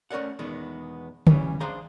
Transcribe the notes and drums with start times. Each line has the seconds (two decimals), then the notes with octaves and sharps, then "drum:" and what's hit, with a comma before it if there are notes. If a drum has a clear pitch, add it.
0.10 A3 C#4 A#4 D5 F#5
0.39 E2 B2 D#3 G#3 B3
1.27 C#3 E3 G3 C#4, drum: tom
1.60 D4 G#4 C5 F5 A#5